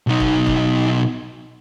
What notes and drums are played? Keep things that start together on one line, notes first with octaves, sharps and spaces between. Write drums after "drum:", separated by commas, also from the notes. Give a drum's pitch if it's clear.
B1 D#4
drum: kick
drum: kick